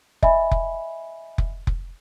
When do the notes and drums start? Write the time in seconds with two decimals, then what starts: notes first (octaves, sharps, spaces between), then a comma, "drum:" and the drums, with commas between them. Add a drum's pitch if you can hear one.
0.23 D#5 E5 G#5 B5, drum: kick F1
0.51 drum: kick F1
1.38 drum: kick F1
1.67 drum: kick F1